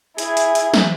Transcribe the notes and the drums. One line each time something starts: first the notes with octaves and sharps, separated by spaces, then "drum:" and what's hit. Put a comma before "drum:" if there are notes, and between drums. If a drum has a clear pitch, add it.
E4 G#4, drum: hi-hat
drum: hi-hat
drum: hi-hat
drum: snare